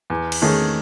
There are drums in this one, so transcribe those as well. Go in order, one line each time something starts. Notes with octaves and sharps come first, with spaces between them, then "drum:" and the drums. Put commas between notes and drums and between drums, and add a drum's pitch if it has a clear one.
E2
drum: cymbal
D#3 A3 C#4 G#4